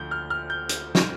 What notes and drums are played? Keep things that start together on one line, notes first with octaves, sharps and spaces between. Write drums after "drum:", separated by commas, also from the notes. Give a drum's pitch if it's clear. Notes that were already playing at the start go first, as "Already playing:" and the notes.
Already playing: D2 D3 F3 G6
F6
F6
G6
drum: hi-hat
drum: snare